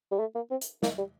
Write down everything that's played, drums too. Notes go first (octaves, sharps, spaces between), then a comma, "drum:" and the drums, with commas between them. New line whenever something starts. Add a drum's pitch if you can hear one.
G3
A3
A#3
C4
drum: hi-hat
A#3, drum: snare
G3